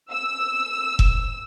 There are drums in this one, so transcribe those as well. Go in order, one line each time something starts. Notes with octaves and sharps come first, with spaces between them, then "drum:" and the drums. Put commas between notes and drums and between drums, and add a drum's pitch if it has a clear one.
E6
drum: kick F1